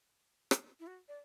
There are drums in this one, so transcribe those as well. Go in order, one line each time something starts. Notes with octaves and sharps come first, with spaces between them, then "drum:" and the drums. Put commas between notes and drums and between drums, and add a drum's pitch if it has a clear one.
drum: rim click
E4
F#4
D5